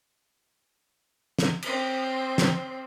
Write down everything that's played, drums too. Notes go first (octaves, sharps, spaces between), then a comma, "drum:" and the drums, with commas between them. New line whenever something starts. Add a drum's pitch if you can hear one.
drum: snare
C4, drum: cymbal
drum: snare